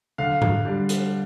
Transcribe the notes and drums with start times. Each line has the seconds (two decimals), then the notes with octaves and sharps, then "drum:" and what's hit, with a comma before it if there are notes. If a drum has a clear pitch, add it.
0.18 D3 F5
0.42 drum: tom
0.65 G3 D4
0.89 drum: hi-hat